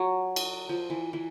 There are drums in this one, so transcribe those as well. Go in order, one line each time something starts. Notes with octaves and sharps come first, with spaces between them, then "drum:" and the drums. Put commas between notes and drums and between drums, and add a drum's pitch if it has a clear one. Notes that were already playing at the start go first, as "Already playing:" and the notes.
Already playing: F#3
drum: cymbal
F3
E3
E3